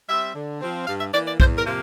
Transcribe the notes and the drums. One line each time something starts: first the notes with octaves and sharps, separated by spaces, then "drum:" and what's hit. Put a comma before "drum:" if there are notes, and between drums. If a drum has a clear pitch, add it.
G3 C4 E5
D3
F3 C4
G2 F5
E5
E3 A#3 D5
D5
E2 C5, drum: kick
A#4
C3 F3 A#3